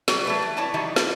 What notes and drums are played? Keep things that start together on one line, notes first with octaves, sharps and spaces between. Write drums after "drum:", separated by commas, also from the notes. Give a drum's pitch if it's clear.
F#3 G3, drum: snare
F#3 A3 B4
E3
E4 C#5 D5 A5
D#3 E3 F#3 G3 D#4
F4, drum: snare